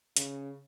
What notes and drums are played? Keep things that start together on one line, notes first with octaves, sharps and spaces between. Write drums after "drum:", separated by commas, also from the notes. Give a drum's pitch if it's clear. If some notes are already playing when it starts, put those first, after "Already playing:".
C#3, drum: hi-hat